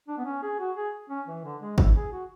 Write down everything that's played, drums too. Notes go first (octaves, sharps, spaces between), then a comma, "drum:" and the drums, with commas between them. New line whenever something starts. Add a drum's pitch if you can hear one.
D4
B3
C#4
G#4
F#4
G#4
C#4
E3
D3
G#3
E4, drum: kick
G#4
F#4